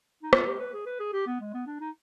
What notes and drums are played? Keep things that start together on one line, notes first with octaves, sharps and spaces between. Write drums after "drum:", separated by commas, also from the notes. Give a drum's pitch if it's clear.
D#4
F4, drum: rim click
G4
B4
G#4
B4
G#4
G4
B3
G#3
B3
D4
D#4